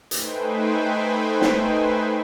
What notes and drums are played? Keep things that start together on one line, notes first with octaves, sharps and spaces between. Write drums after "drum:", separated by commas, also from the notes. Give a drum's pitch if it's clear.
A3 D#4 B4 C5 G5 G#5, drum: hi-hat
drum: snare